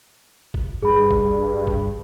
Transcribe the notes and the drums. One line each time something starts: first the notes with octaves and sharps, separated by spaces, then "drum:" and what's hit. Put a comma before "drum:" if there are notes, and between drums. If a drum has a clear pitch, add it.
drum: kick
G2 G#4 B5
drum: kick
drum: kick